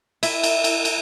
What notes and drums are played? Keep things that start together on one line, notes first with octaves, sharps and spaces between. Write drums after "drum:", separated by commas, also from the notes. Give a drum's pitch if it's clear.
E4 E5, drum: cymbal
drum: cymbal
drum: cymbal
drum: cymbal